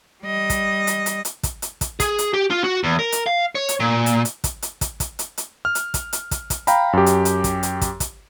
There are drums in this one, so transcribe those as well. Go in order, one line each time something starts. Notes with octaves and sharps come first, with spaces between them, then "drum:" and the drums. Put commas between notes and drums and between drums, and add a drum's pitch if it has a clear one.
G3 D#5
drum: kick, hi-hat
drum: hi-hat
drum: hi-hat
drum: hi-hat
drum: kick, hi-hat
drum: hi-hat
drum: kick, hi-hat
G#4, drum: kick, hi-hat
drum: hi-hat
G4
F4
F#4
E2
A#4
drum: hi-hat
F5
C#5
drum: hi-hat
A#2
drum: hi-hat
drum: hi-hat
drum: kick, hi-hat
drum: hi-hat
drum: kick, hi-hat
drum: kick, hi-hat
drum: hi-hat
drum: hi-hat
F6
drum: hi-hat
drum: kick, hi-hat
drum: hi-hat
drum: kick, hi-hat
drum: kick, hi-hat
F5 G5 A#5 B5, drum: hi-hat
F#2 G4
drum: hi-hat
drum: hi-hat
drum: kick, hi-hat
drum: hi-hat
drum: kick, hi-hat
drum: kick, hi-hat